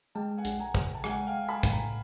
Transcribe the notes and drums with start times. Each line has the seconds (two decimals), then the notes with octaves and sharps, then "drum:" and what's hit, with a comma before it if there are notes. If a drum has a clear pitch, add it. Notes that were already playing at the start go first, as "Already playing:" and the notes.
0.15 G#3 G5 A5
0.38 F#5 G#5
0.45 A#1, drum: hi-hat
0.60 G#5 A#5
0.75 A#1, drum: kick
0.95 A5
1.04 G#3 F#5 G#5, drum: rim click
1.27 F5 G5
1.34 G#3
1.49 A5 B5
1.63 A2, drum: kick, hi-hat
1.72 G#5 A#5